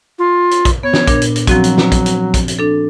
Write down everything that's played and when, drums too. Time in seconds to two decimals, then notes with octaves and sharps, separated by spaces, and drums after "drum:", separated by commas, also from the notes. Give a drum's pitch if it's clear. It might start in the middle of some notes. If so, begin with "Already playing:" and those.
0.19 F4
0.51 drum: hi-hat
0.65 drum: kick, hi-hat
0.83 B3 C#5
0.93 drum: snare
1.07 A#2 D4 A#4, drum: kick, hi-hat
1.22 drum: hi-hat
1.36 drum: hi-hat
1.47 F3 F#3 C4 F#4, drum: kick, hi-hat
1.64 drum: hi-hat
1.78 drum: snare
1.92 drum: kick, hi-hat
2.06 drum: hi-hat
2.34 drum: kick, hi-hat
2.48 drum: hi-hat
2.59 D4 A4